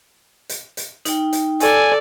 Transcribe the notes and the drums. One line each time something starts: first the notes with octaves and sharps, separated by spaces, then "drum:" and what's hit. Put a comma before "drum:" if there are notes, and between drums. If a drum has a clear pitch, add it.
drum: hi-hat
drum: hi-hat
D#4 G5, drum: hi-hat
drum: hi-hat
A4 D5 G#5, drum: hi-hat